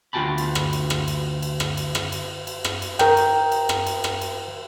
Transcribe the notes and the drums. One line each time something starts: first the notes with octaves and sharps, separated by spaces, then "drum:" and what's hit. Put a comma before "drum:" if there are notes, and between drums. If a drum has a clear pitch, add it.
D2 F4 F#4 G5 A5 B5
drum: cymbal
drum: rim click
drum: cymbal
drum: rim click
drum: cymbal
drum: cymbal
drum: rim click
drum: cymbal
drum: rim click
drum: cymbal
drum: cymbal
drum: rim click
drum: cymbal
A#4 G5, drum: rim click
drum: cymbal
drum: cymbal
drum: rim click
drum: cymbal
drum: rim click
drum: cymbal